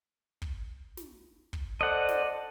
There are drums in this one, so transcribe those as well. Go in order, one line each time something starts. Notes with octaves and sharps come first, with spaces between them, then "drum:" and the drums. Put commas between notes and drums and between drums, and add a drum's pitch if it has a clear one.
drum: kick
drum: snare
drum: kick
A4 C5 D5 D#5 F#5
drum: snare